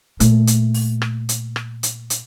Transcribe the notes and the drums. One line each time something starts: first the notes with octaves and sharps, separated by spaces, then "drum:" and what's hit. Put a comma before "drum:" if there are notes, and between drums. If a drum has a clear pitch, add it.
A#2 A3, drum: hi-hat
drum: hi-hat
drum: open hi-hat
drum: rim click
drum: hi-hat
drum: rim click
drum: hi-hat
drum: hi-hat